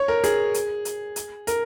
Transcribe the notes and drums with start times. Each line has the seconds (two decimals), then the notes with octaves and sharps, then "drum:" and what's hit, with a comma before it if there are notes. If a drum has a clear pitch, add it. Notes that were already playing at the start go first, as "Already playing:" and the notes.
Already playing: C#5
0.08 A#4
0.24 G#4, drum: hi-hat
0.54 drum: hi-hat
0.85 drum: hi-hat
1.16 drum: hi-hat
1.47 A#4, drum: hi-hat